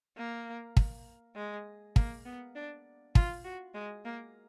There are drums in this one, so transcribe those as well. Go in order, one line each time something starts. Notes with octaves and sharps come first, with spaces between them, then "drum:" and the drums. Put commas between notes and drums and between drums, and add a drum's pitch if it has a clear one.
A#3
drum: kick
G#3
A#3, drum: kick
B3
D4
F4, drum: kick
F#4
G#3
A#3